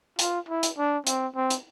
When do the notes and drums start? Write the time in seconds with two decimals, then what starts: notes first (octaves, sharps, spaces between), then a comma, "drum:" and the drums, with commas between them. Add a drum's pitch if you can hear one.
0.19 F4, drum: hi-hat
0.49 E4
0.63 drum: hi-hat
0.78 D4
1.07 C4, drum: hi-hat
1.36 C4
1.50 drum: hi-hat